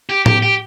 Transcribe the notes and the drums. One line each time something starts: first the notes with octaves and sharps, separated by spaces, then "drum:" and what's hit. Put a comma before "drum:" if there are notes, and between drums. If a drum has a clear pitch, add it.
G4
G4, drum: tom A2
G4